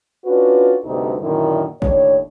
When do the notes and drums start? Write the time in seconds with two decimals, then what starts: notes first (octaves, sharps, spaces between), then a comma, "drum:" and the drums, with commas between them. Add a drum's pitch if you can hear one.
0.25 C#4 D4 F4 F#4 B4
0.84 D2 G2 C3 D#4 A4
1.21 F#2 A#2 D3 D#3 E4
1.82 D#2 A2 D4 C#5, drum: kick G1